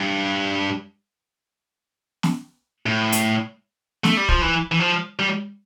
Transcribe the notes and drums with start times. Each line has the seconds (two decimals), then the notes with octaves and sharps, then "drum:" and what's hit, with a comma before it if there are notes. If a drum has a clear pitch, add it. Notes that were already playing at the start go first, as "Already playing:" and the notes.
Already playing: G2
2.23 drum: snare
2.86 A2
3.12 drum: hi-hat
4.04 A3, drum: snare
4.17 G3
4.29 F3, drum: kick
4.42 E3
4.72 E3
4.80 F3
5.19 G3